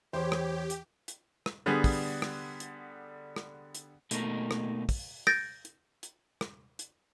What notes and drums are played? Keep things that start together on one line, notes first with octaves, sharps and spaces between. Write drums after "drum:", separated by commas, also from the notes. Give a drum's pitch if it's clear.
E2 G4 C5 C#5
drum: rim click
drum: hi-hat
drum: hi-hat
drum: rim click
D3 G3 B3 G#4
drum: kick, open hi-hat
drum: rim click
drum: hi-hat
drum: rim click
drum: hi-hat
B2 A3 A#3 D#4, drum: hi-hat
drum: rim click
drum: kick, open hi-hat
G6 A6 A#6 D7, drum: rim click
drum: hi-hat
drum: hi-hat
drum: rim click
drum: hi-hat